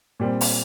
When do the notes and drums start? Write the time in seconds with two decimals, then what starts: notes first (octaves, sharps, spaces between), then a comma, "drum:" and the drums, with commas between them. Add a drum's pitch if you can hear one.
0.20 A#2 G3 C4
0.41 drum: open hi-hat